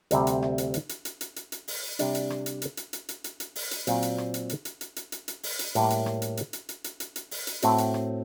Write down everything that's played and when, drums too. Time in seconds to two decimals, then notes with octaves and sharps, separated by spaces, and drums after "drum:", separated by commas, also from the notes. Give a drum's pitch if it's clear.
0.11 D2 C3 G3 C4, drum: hi-hat
0.27 drum: hi-hat
0.42 drum: rim click
0.58 drum: hi-hat
0.74 drum: hi-hat
0.89 drum: hi-hat
1.05 drum: hi-hat
1.21 drum: hi-hat
1.36 drum: hi-hat
1.52 drum: hi-hat
1.68 drum: open hi-hat
1.99 C3 G3 D4, drum: hi-hat
2.15 drum: hi-hat
2.30 drum: rim click
2.46 drum: hi-hat
2.62 drum: hi-hat
2.77 drum: hi-hat
2.93 drum: hi-hat
3.09 drum: hi-hat
3.24 drum: hi-hat
3.40 drum: hi-hat
3.56 drum: open hi-hat
3.71 drum: hi-hat
3.87 A#2 F#3 C4, drum: hi-hat
4.03 drum: hi-hat
4.18 drum: rim click
4.34 drum: hi-hat
4.49 drum: hi-hat
4.65 drum: hi-hat
4.81 drum: hi-hat
4.96 drum: hi-hat
5.12 drum: hi-hat
5.28 drum: hi-hat
5.43 drum: open hi-hat
5.59 drum: hi-hat
5.75 A2 G3 A#3, drum: hi-hat
5.90 drum: hi-hat
6.06 drum: rim click
6.22 drum: hi-hat
6.37 drum: hi-hat
6.53 drum: hi-hat
6.69 drum: hi-hat
6.84 drum: hi-hat
7.00 drum: hi-hat
7.16 drum: hi-hat
7.31 drum: open hi-hat
7.47 drum: hi-hat
7.62 A2 A3 C4 F#4, drum: hi-hat
7.78 drum: hi-hat
7.94 drum: rim click